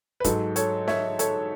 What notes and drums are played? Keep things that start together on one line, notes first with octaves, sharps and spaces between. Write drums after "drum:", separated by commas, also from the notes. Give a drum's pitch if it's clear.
B4
G#2 F#3 A4, drum: kick, hi-hat
A4 C#5, drum: hi-hat
C#5 E5, drum: snare
A4 C#5, drum: hi-hat